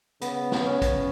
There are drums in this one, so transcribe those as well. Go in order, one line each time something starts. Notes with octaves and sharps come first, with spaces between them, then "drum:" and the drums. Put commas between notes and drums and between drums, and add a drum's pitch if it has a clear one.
C#3 B3, drum: hi-hat
drum: snare
C#4
drum: kick, hi-hat